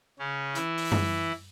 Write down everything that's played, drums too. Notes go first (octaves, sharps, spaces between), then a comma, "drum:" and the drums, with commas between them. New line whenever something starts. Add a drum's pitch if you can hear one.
C#3 C#4
E3 E4, drum: hi-hat
drum: open hi-hat
drum: tom F#2